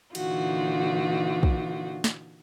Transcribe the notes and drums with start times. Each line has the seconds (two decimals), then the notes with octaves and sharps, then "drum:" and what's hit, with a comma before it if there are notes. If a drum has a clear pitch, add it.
0.15 A#2 D3 E3 D#4 F4 F#4, drum: cymbal
1.43 drum: kick
2.04 drum: snare